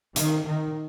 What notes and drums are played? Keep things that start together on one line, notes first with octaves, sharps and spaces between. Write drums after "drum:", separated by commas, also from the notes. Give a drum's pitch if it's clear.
D#3, drum: hi-hat
D#3